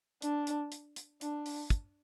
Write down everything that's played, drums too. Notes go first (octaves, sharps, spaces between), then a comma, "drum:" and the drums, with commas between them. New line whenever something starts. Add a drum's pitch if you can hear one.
D4, drum: hi-hat
drum: hi-hat
drum: hi-hat
drum: hi-hat
D4, drum: hi-hat
drum: open hi-hat
drum: kick, hi-hat